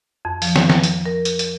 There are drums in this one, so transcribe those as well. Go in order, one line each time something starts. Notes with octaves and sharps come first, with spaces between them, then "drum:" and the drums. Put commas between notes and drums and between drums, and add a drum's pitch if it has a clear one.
F2
F3, drum: open hi-hat
drum: snare
drum: snare
drum: hi-hat
A#4
drum: hi-hat
drum: hi-hat